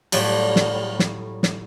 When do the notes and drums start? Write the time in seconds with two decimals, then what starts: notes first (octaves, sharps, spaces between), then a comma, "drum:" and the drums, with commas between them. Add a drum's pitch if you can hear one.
0.12 A2 F#3 G3 F4, drum: cymbal
0.56 drum: snare
0.99 drum: snare
1.43 drum: snare